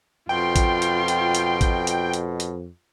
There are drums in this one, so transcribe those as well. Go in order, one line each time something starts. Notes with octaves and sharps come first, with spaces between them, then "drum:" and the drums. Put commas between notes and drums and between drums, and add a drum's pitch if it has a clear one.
F2 B2 F4 G5 C6
drum: kick A1, hi-hat
drum: hi-hat
drum: hi-hat
drum: hi-hat
drum: kick A1, hi-hat
drum: hi-hat
drum: hi-hat
drum: hi-hat